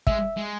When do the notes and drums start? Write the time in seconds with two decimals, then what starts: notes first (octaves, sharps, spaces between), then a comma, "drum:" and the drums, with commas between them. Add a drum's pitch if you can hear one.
0.07 G#3 E5, drum: kick
0.37 G#3